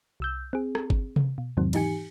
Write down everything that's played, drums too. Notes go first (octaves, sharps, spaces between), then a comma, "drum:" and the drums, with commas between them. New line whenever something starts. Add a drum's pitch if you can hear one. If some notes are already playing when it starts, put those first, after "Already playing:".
C2 E6 G6
C4 G#4
drum: rim click
drum: kick G1
drum: tom C3
B2
E2 G#2 C3 D#3 F#3 C4
G#2 E3 D#4 G4 G#5 C#7, drum: cymbal